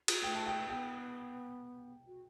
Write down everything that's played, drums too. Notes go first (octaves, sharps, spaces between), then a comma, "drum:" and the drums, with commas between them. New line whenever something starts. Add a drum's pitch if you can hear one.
F#4, drum: cymbal
A3 G5
A5
G5
B3 G5
F#4